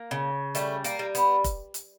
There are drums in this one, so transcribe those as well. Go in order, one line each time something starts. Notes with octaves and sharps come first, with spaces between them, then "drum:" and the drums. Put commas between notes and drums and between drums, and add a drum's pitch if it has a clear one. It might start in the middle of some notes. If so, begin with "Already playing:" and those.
Already playing: A#3
C#3
G3 A3, drum: hi-hat
A#3, drum: hi-hat
G3
B3, drum: hi-hat
drum: kick F1, hi-hat
drum: hi-hat